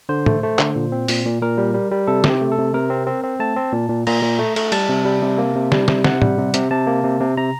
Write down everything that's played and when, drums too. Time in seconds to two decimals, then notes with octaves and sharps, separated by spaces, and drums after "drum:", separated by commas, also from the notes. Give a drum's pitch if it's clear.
0.09 D3 C5
0.26 A3, drum: tom A2
0.43 A3
0.59 D3, drum: clap
0.76 A#2
0.92 C4
1.08 A#2, drum: open hi-hat
1.25 A#2
1.42 A#2 A#4
1.58 G3
1.74 G3
1.91 G3
2.07 C3 A4
2.24 C3, drum: snare
2.30 G4
2.41 A3
2.52 A4
2.58 C3
2.74 C3 A#4
2.90 C4
3.07 C4
3.24 C4
3.40 A3 A5
3.56 C4
3.73 A#2
3.89 A#2
4.07 A#2 A#5, drum: cymbal
4.23 A#2
4.39 A3
4.56 A3, drum: cymbal
4.72 G3 A5, drum: cymbal
4.89 C3
5.05 G3
5.22 C3
5.38 A#3
5.55 C3
5.72 G3, drum: snare
5.88 C3, drum: snare
6.04 C3 F#5, drum: snare
6.22 G3, drum: tom A2
6.38 C3
6.54 C3, drum: hi-hat
6.71 C3 A5
6.87 A#3
7.03 C3
7.20 C3
7.37 C3 A#5